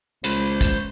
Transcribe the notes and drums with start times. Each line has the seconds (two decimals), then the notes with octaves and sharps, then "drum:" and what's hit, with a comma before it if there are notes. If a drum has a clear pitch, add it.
0.24 C#2 C5 B5, drum: hi-hat
0.61 drum: kick, hi-hat